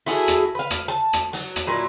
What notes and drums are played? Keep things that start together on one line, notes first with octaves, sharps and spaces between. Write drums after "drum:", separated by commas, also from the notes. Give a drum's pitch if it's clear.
E4 F#4 G#4 A4, drum: hi-hat
drum: rim click
B4 F5
drum: rim click
A5
drum: rim click
F#3, drum: hi-hat
drum: rim click
A#2 F#3 E4